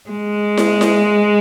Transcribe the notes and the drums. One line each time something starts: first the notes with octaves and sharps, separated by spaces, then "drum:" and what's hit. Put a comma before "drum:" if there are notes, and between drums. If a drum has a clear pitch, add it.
G#3
drum: snare E4
drum: snare E4